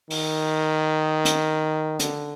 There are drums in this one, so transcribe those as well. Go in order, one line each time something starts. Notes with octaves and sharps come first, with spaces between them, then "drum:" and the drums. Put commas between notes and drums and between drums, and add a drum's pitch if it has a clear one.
D#3, drum: open hi-hat
drum: hi-hat
D3, drum: hi-hat